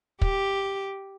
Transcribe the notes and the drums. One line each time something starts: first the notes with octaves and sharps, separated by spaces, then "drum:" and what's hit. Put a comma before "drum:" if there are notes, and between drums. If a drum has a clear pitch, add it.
G4, drum: kick